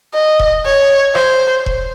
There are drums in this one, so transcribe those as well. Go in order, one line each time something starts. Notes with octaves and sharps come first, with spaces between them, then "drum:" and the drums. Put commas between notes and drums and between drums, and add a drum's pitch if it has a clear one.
D#5
drum: kick E1
C#5
C5, drum: rim click
drum: kick E1